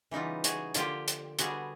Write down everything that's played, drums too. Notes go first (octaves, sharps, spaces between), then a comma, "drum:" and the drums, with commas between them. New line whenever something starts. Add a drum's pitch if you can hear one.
C#3 E3 G3 B3 D#4 F4
F#4 G#4, drum: hi-hat
D3 F3 A#3 F4 G4, drum: hi-hat
drum: hi-hat
D3 G3 B3 F#4 G#4, drum: hi-hat